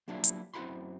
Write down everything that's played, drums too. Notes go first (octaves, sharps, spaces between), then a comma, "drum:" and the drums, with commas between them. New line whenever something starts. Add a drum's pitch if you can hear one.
F#3 G3 A#3 D4 E4 F4
drum: hi-hat
F#2 C4 E4 F#4 B5 C6